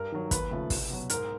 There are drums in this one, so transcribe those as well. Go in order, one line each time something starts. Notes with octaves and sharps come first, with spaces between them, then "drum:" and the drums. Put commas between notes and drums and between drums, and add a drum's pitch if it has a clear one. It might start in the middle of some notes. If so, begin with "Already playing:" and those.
Already playing: G2 A#4
D#3 F#3
D#2 B4, drum: kick, hi-hat
C#3 F3 A3
C2, drum: kick, open hi-hat
B2 F#3
G#2 A#4, drum: hi-hat